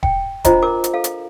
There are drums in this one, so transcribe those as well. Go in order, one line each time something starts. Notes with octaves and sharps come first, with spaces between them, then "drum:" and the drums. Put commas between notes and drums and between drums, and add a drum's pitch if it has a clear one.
G5, drum: kick E1
D4 F4 C5 D#5 A#5, drum: kick E1, hi-hat
A#4 D6
drum: hi-hat
A4 F5
drum: hi-hat